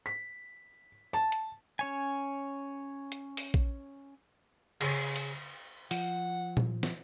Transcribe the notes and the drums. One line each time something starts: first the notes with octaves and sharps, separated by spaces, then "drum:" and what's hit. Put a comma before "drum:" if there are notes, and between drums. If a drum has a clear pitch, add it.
B6
A5
drum: hi-hat
C#4 C#5 G#5
drum: hi-hat
drum: open hi-hat
drum: kick A#1
C#3, drum: cymbal
drum: open hi-hat
F3 F#5, drum: open hi-hat
drum: tom A#2
drum: snare